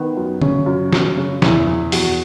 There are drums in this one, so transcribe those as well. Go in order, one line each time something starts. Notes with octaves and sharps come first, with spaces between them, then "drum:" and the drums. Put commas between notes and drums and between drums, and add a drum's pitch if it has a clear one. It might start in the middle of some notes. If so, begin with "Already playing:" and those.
Already playing: D#3 B3
F#2
C#3 C#4, drum: tom D3
F#2
F#2, drum: snare
C#3
E2 E4, drum: snare
E2
E2 F#4, drum: open hi-hat